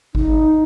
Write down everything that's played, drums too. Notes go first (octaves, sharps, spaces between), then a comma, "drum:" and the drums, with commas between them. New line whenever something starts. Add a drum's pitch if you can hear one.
D#4, drum: kick G#1